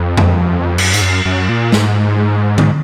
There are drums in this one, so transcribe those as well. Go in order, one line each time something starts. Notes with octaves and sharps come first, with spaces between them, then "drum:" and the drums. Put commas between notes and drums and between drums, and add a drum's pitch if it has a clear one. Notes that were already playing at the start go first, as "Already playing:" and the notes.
Already playing: F2
drum: tom F2
F#2, drum: cymbal
G#2, drum: hi-hat
F#2
F#2
A#2
G#2, drum: snare
drum: tom D3